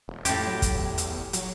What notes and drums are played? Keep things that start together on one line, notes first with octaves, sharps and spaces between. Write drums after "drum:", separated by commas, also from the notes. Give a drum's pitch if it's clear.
E1
F2 A2 G4, drum: hi-hat
F#3
drum: kick, hi-hat
E2
drum: hi-hat
F#3, drum: hi-hat